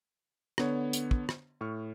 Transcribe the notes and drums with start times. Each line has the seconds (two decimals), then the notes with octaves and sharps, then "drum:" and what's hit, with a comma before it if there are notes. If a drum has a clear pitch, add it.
0.58 D3 B3 C#5, drum: rim click
0.93 drum: hi-hat
1.11 drum: kick
1.29 drum: rim click
1.61 A2 C#6 F6